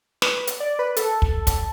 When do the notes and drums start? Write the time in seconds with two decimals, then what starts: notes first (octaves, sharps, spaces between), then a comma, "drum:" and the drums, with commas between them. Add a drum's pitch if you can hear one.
0.22 B4, drum: snare
0.47 drum: hi-hat
0.60 D5
0.79 B4
0.96 A4, drum: hi-hat
1.22 drum: kick
1.47 drum: kick, hi-hat